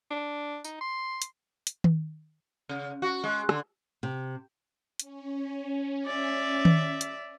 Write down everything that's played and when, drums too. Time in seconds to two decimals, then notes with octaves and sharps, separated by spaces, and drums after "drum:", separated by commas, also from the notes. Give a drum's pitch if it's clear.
0.11 D4
0.65 D#4, drum: tambourine
0.81 C6
1.22 drum: hi-hat
1.67 drum: hi-hat
1.84 drum: tom D#3
2.69 C#3
3.02 F#4
3.24 G#3
3.49 D3, drum: rim click
4.03 C3
4.99 C#4, drum: hi-hat
6.07 D5 E5
6.65 drum: tom D#3
7.01 drum: hi-hat